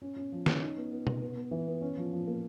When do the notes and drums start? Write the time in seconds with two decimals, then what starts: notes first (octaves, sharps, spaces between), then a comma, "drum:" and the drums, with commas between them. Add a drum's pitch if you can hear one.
0.02 C#4
0.16 C#4
0.32 F3
0.46 C#4, drum: snare
0.61 D#4
0.77 B3
0.91 B3
1.07 B3, drum: tom B2
1.22 B3
1.36 B3
1.51 E3
1.67 B3
1.81 C#4
1.97 F3
2.13 F3
2.27 A#3